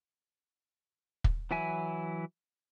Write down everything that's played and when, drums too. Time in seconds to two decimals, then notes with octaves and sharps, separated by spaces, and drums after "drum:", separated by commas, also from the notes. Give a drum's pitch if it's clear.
1.24 drum: kick
1.51 E3 F#3 E4 E5 G#5